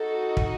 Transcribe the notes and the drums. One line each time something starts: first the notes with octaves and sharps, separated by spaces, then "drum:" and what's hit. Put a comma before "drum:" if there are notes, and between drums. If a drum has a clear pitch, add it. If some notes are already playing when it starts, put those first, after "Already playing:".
Already playing: D#4 F#4 A4
drum: kick